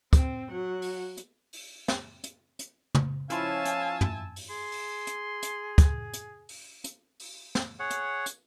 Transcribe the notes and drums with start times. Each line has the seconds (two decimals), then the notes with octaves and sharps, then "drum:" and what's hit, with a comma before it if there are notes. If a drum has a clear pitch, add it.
0.13 C4, drum: kick, hi-hat
0.51 F#3 F#5
0.82 drum: open hi-hat
1.17 drum: hi-hat
1.53 drum: open hi-hat
1.88 drum: snare
2.24 drum: hi-hat
2.59 drum: hi-hat
2.95 drum: tom
3.30 F3 C#4 E4 F4 F5 G#5 A5 E6, drum: hi-hat
3.65 drum: hi-hat
4.01 drum: tom
4.36 drum: open hi-hat
4.50 G#4 C6
4.72 drum: open hi-hat
5.07 drum: hi-hat
5.43 drum: hi-hat
5.78 drum: kick, hi-hat
6.13 drum: hi-hat
6.49 drum: open hi-hat
6.84 drum: hi-hat
7.20 drum: open hi-hat
7.55 drum: snare
7.79 G#4 C#5 F#5
7.91 drum: hi-hat
8.26 drum: hi-hat